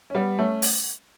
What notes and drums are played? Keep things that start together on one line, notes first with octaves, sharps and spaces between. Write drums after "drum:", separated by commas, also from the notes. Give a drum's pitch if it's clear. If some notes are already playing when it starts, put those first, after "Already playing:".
C#4
G3 B3
A3 C#4
drum: open hi-hat